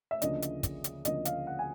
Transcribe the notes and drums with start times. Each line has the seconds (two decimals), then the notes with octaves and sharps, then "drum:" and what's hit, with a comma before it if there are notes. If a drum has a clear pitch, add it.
0.11 E5
0.22 D2 C#3 F3 A#3 D4 D#5, drum: hi-hat
0.42 drum: hi-hat
0.63 drum: kick, hi-hat
0.84 drum: hi-hat
1.05 D2 C#3 F3 A#3 D4 D#5, drum: hi-hat
1.25 F5, drum: hi-hat
1.47 F#5
1.59 G#5